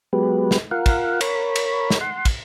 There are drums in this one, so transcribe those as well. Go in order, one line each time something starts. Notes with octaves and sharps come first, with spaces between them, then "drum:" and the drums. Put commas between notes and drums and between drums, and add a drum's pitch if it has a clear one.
F#3 G#3 B3 G4 B4
drum: snare
F4 A#4 F5 F#5
drum: kick, cymbal
A#4 C#5 B5, drum: cymbal
drum: cymbal
drum: snare
F#5 C6
drum: kick, cymbal